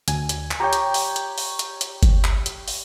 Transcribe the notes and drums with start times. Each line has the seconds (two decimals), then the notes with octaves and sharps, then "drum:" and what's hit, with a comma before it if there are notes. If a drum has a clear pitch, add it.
0.08 D2 G#5, drum: hi-hat
0.29 drum: hi-hat
0.51 drum: clap
0.60 G4 C#5 G5 A#5
0.73 drum: hi-hat
0.94 drum: open hi-hat
1.16 drum: hi-hat
1.38 drum: open hi-hat
1.59 drum: hi-hat
1.81 drum: hi-hat
2.03 drum: kick, hi-hat
2.24 drum: clap
2.46 drum: hi-hat
2.68 drum: open hi-hat